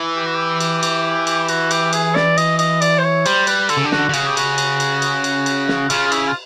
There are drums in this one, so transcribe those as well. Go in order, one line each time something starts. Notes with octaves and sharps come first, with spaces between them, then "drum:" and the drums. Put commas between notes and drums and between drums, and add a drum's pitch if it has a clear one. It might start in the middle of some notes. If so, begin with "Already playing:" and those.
Already playing: E3
G4
F#4
G4
G4, drum: cymbal
drum: cymbal
drum: cymbal
F#4, drum: cymbal
G4, drum: cymbal
G#4, drum: cymbal
D5, drum: snare
D#5, drum: cymbal
D#5, drum: cymbal
D5, drum: cymbal
C5
C#5
G3 C5, drum: cymbal
B4, drum: cymbal
D3 A4, drum: cymbal
C#3
D3 G4
F#4, drum: snare
D3
C#3 F#4, drum: cymbal
G4
F#4, drum: cymbal
drum: cymbal
drum: cymbal
drum: cymbal
drum: cymbal
drum: cymbal
drum: snare
C#3 F4, drum: cymbal
E4, drum: cymbal
F4